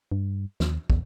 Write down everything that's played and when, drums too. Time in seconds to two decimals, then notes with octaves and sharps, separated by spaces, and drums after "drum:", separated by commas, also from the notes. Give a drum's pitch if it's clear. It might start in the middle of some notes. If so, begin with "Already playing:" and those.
0.12 G2
0.60 D#2, drum: snare
0.90 E2, drum: kick